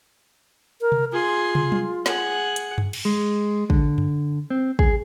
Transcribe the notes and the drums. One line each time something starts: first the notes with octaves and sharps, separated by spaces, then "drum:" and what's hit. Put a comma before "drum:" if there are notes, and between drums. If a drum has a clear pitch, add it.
A#4
drum: tom C3
F4 G#4 C6
drum: tom
drum: tom F#3
G#4 F#5, drum: snare
drum: hi-hat
drum: tom F#2
drum: cymbal
G#3
D3, drum: kick
drum: tom F#2
C4
G#4, drum: kick